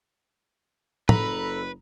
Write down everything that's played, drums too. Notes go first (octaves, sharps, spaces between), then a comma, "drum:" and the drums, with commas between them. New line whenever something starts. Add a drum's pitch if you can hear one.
F#1 A4 B4 A#5 B5, drum: tom